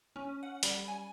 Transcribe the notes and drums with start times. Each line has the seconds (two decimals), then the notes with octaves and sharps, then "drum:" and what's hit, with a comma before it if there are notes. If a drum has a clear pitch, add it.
0.16 C#4
0.43 F#5
0.63 G3, drum: hi-hat
0.88 G#5